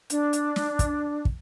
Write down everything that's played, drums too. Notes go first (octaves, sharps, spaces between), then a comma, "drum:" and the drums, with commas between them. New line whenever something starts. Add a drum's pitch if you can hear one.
D4, drum: hi-hat
drum: hi-hat
drum: snare
drum: kick, hi-hat
drum: kick